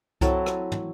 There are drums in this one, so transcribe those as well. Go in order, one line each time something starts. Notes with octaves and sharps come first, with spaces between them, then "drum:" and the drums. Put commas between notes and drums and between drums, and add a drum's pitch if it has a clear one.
F#3 C4 E4 A4, drum: kick C2, hi-hat
drum: rim click
drum: tom